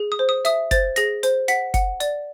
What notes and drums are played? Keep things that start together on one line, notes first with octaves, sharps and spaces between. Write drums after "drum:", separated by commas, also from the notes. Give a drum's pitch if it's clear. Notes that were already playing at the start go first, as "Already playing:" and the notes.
Already playing: G#4
D#6
C5
D#6
E5 D#6, drum: hi-hat
C5 A6, drum: kick F#1, hi-hat
G#4 A#6, drum: hi-hat
C5, drum: hi-hat
F#5 B6, drum: hi-hat
F#5, drum: kick F#1, hi-hat
D5, drum: hi-hat